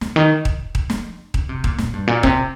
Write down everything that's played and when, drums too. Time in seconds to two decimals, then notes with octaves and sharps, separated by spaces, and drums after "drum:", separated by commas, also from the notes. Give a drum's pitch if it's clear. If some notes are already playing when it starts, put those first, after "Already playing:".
0.01 C3, drum: snare
0.16 D#3
0.45 drum: kick D#1
0.75 drum: kick D#1
0.90 F3, drum: snare
1.34 D3, drum: kick D#1
1.49 C3
1.64 A#2, drum: kick D#1
1.78 A#2, drum: snare
1.94 G2
2.07 A#2
2.23 C3, drum: kick D#1